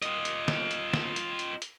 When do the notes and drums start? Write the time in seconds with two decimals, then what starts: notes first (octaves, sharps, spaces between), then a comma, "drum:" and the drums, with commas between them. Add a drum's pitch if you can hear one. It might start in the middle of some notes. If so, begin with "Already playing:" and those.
0.02 F4 D#5, drum: hi-hat
0.25 drum: hi-hat
0.48 drum: snare
0.71 drum: hi-hat
0.93 drum: snare
1.16 drum: hi-hat
1.39 drum: hi-hat
1.62 drum: hi-hat